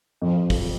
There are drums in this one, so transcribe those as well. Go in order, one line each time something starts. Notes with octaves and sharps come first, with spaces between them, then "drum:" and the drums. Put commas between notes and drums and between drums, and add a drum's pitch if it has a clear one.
F2 F3
drum: kick, open hi-hat